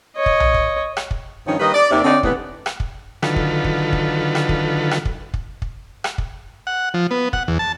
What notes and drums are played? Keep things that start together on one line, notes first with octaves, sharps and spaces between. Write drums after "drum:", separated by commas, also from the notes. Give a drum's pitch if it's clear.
C#5 D#5
drum: kick
drum: tom B1
drum: kick
drum: rim click
drum: kick
G2 D#3 F3 C#4 D#4
D#3 G3 A#3 B4 D#5
D5
D#2 C3 D5
D3 C4 D4 D#4 C#5 D5
A2 C3 E3 B3, drum: kick
drum: rim click
drum: kick
D3 D#3 F#3 F4 A4 B4, drum: rim click
drum: kick
drum: kick
drum: kick
drum: rim click
drum: kick
drum: rim click
drum: kick
drum: kick
drum: kick
drum: rim click
drum: kick
F#5
F3
B3
F#5, drum: kick
E2
A5